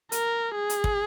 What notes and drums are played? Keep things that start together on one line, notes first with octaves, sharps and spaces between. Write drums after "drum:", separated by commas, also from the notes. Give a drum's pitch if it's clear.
A#4, drum: hi-hat
G#4
drum: hi-hat
drum: kick